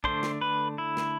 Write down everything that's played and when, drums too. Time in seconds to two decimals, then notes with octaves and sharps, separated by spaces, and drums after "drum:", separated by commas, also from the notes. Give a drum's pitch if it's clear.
0.04 D3 A3 D4 C5, drum: kick
0.23 drum: snare
0.41 B4
0.78 E4
0.97 drum: snare